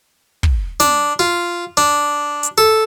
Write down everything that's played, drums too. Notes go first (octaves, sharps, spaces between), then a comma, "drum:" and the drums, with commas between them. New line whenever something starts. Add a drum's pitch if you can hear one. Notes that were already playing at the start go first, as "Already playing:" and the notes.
drum: kick
D4, drum: snare
F4
D4
drum: hi-hat
A4